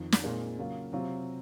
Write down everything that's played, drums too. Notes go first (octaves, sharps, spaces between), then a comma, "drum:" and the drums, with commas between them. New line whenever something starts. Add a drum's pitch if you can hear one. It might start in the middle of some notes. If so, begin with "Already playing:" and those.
Already playing: F2 D#3
drum: snare
A#2 G#3 C4 D#4 A#4
C#3 F#3 A#3 F4
C3 F#3 C4 F4